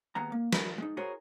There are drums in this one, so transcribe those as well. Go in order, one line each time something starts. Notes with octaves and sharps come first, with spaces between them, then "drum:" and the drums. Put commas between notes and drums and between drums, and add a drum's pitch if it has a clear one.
D#2 G#3 B3 A#5
A#3
A#4 E5 G#5 B5, drum: snare
G#3 D#4
E4 F#4 G#4 A#4 C5 C#5